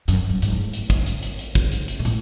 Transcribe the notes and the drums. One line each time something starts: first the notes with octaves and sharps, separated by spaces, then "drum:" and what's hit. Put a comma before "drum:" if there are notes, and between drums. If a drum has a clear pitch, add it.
F#2, drum: hi-hat
G2
G#2, drum: hi-hat
A2
drum: hi-hat
drum: kick, hi-hat
drum: hi-hat
drum: hi-hat
drum: hi-hat
drum: kick, hi-hat
drum: hi-hat
drum: hi-hat
A#2
A2, drum: hi-hat